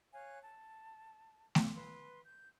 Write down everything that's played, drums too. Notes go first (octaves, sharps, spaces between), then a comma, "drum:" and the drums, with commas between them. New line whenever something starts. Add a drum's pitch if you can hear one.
C#5 F5 G#5 F#6
A5
drum: snare A3
B4 C6
G6